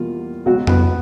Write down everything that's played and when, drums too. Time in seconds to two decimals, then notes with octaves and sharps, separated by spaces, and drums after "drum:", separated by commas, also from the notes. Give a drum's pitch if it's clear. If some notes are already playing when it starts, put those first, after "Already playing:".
Already playing: E2 B2 G3 A#3 F4
0.46 C#2 B2 F#3 G#3 F#4
0.67 B3 B4, drum: tom F2